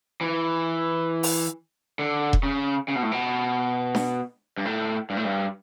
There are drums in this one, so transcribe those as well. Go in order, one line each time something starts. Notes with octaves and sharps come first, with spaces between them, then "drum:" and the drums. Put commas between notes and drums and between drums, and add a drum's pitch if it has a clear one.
E3
drum: open hi-hat
D3
drum: kick E1
C#3
C#3
B2
A2
B2
drum: snare D4
G2
A2
G2
A2
G2